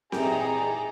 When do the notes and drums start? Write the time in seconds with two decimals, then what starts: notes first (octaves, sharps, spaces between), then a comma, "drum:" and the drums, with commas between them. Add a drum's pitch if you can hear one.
0.12 F2 A#2 E3 D#4 G4 G#4 D5 A#5, drum: snare C4